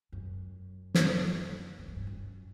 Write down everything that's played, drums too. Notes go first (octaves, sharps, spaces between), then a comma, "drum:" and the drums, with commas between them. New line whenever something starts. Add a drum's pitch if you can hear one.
F#2
drum: snare
G2
G#2
G2
F#2